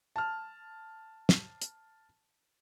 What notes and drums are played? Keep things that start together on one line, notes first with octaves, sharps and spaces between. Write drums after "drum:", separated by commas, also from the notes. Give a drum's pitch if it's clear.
A5 F6
drum: snare
drum: hi-hat